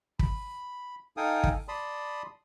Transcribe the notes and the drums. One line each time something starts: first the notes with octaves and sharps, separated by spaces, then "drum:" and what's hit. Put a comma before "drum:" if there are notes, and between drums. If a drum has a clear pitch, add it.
B5, drum: kick
D#4 A4 F5 G5 G#5 D#6
drum: kick
D5 A5 B5 C6 D#6